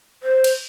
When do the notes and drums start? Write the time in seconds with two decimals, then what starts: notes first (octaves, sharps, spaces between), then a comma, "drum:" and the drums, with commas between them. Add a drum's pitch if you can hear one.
0.23 C5
0.44 drum: cymbal